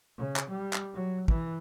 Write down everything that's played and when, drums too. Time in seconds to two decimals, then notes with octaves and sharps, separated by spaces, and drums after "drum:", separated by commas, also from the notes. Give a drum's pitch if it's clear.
0.17 C#3
0.36 drum: clap
0.50 G3
0.73 drum: clap
0.94 F#3
1.28 E3, drum: kick